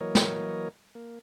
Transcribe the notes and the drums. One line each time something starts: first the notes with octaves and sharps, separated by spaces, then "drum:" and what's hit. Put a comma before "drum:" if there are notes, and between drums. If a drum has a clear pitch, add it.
E3 F#3 A#3 A#4 C#5 D#5
drum: snare
A#3